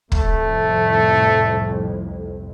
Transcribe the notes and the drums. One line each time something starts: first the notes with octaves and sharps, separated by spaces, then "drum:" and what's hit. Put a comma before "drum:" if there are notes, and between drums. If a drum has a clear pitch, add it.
C2 F2 A2 A3, drum: kick